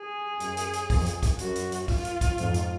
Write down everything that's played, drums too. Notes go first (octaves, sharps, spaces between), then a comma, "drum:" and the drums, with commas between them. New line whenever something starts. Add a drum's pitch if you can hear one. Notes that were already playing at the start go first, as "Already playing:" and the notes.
Already playing: G#4
F#2, drum: hi-hat
drum: hi-hat
drum: hi-hat
F2, drum: kick, open hi-hat
drum: hi-hat
drum: kick, hi-hat
F#2 F#4, drum: hi-hat
drum: hi-hat
drum: hi-hat
F4, drum: kick, open hi-hat
drum: hi-hat
drum: kick, hi-hat
F2 G#2, drum: hi-hat
drum: hi-hat